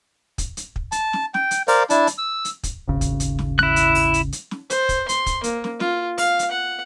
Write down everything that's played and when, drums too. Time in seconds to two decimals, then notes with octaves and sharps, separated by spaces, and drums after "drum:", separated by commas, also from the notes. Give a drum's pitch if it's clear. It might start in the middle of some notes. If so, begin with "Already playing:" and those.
0.38 drum: kick, hi-hat
0.57 drum: hi-hat
0.76 drum: kick
0.92 A5, drum: hi-hat
1.13 drum: snare
1.34 G5, drum: snare
1.51 drum: hi-hat
1.68 A#4 C5 D5 F5, drum: open hi-hat
1.90 D4 E4 A5, drum: hi-hat
2.07 drum: hi-hat
2.18 E6
2.45 drum: hi-hat
2.63 drum: kick, hi-hat
2.88 D#1 G#1 C#3
3.01 drum: kick, hi-hat
3.20 drum: hi-hat
3.39 drum: snare
3.59 E4 F#6, drum: snare
3.76 drum: hi-hat
3.95 drum: open hi-hat
4.14 drum: hi-hat
4.32 drum: hi-hat
4.51 drum: snare
4.70 C5, drum: hi-hat
4.89 drum: kick, hi-hat
5.09 C6, drum: hi-hat
5.26 drum: kick, hi-hat
5.44 A#3, drum: hi-hat
5.64 drum: snare
5.80 F4, drum: snare
6.18 F5, drum: open hi-hat
6.39 drum: hi-hat
6.51 F#5